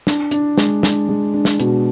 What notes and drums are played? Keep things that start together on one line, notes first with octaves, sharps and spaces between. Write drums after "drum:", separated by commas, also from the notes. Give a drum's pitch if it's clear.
D4, drum: snare
D4, drum: hi-hat
G#3, drum: snare
D4, drum: snare
G#3
D4
drum: snare
B2, drum: hi-hat